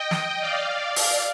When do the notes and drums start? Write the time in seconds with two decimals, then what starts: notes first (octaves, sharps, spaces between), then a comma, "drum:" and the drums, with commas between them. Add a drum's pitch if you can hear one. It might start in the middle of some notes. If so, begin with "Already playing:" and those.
Already playing: D#5 G5
0.11 drum: snare
0.40 D5 F5
0.96 drum: open hi-hat